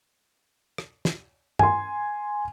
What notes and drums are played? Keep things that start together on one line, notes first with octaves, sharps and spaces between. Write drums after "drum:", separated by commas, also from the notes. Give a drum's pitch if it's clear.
drum: rim click
drum: snare
G#5 C6, drum: tom G2